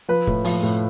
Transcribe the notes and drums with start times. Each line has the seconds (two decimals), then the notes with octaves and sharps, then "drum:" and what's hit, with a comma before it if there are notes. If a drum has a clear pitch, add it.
0.08 F3 B4
0.27 A2, drum: kick
0.45 F3, drum: open hi-hat
0.63 A2